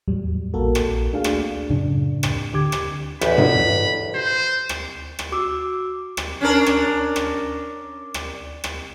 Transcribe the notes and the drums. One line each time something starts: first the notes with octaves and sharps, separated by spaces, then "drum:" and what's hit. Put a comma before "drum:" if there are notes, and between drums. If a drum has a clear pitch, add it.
E2 A2 F#3 G3
A#1 A#3 F#4 A4 A#4
drum: rim click
A3 D4 F#4 G#4 F5
drum: rim click
F#2 A2 C#3 D4
drum: rim click
D3 G4 D6 G#6
drum: rim click
A1 E2 B5, drum: rim click
drum: tom G2
C5
drum: rim click
drum: rim click
F#4 D6 E6
drum: rim click
C#4 D4 A#4
drum: rim click
drum: rim click
drum: rim click
drum: rim click